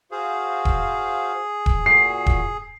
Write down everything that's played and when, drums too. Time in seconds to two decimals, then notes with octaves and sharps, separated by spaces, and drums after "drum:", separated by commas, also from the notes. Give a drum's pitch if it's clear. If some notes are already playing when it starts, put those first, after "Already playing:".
0.12 F#4 G#4 C5 F5
0.65 drum: kick D#1
1.66 drum: kick D#1
1.86 A#2 F#4 C7
2.26 drum: kick D#1